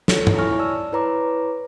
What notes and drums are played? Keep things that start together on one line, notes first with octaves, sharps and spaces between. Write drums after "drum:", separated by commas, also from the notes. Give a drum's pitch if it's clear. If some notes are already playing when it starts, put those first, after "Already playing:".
F4 A4 C#5, drum: snare
drum: tom G2
E4 C#5 G#5 C#6 F6 A#6
D5 A5 E6
E4 B4 C#5 A#5 C6 D6